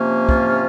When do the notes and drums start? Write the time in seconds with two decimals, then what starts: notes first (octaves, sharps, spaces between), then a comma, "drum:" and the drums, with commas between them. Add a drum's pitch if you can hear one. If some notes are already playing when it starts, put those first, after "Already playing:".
Already playing: C3 F3 A#3 C#4
0.29 F4, drum: kick